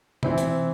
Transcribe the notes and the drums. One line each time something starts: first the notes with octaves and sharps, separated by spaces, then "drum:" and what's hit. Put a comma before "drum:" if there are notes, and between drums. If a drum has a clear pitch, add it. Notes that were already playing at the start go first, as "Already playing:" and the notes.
E3 C4 E4, drum: tom
drum: hi-hat